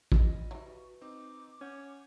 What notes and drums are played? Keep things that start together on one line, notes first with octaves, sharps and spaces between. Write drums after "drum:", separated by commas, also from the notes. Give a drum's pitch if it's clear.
G3 F4 D#5, drum: kick A1
E3 F#3 F#4
C4 D#4 D6
C#4 C#5 F#5 G6